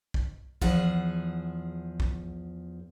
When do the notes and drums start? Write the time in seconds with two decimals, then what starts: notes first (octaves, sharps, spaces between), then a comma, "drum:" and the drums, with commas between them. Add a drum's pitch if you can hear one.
0.14 drum: kick B1
0.62 E2 F3 G#4 F#5, drum: kick B1
2.00 drum: kick B1